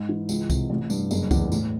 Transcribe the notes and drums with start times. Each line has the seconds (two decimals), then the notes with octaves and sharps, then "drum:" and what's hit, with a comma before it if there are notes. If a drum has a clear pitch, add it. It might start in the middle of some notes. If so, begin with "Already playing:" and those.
Already playing: G#2
0.09 E3
0.29 C#2, drum: tambourine
0.50 C3, drum: kick C2, tambourine
0.70 A1
0.90 G2, drum: tambourine
1.11 F#1, drum: tambourine
1.31 E2, drum: kick C2, tambourine
1.52 A2, drum: tambourine